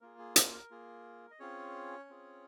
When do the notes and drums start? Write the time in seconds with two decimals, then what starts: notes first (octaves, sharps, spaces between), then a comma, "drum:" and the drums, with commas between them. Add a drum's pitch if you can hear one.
0.01 A#3 F4 G#4 A#4
0.19 G#4
0.36 A#4, drum: hi-hat
0.53 A#4
0.71 A#3 F4 G#4
1.31 D#5
1.40 C4 C#4 F4 G#4 C#5
2.09 C4 F4 G#4